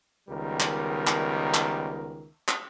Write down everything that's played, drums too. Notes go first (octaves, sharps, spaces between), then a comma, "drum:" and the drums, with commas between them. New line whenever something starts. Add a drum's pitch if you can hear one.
C#2 D#3 G3 B3 A#4
drum: clap
drum: clap
drum: clap
drum: clap